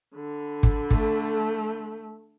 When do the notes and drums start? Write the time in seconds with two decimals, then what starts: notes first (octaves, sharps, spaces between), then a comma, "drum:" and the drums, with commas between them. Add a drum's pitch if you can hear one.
0.15 D3 B5
0.63 drum: kick
0.91 A3, drum: kick